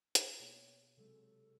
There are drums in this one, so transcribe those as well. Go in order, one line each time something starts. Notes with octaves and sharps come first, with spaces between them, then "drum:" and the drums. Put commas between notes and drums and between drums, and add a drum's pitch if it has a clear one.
drum: hi-hat
B2 A#3 C#5
C3 F#3 G#3 A4